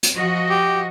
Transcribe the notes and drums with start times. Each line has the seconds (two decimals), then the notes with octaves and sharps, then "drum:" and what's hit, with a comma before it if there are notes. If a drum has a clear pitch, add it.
0.03 drum: hi-hat
0.15 F3 F#4 D#5
0.50 G4